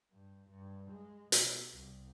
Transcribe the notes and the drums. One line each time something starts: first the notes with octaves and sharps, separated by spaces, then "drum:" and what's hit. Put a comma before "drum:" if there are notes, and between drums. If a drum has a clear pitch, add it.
G2
G2
G#3
B2, drum: hi-hat
C2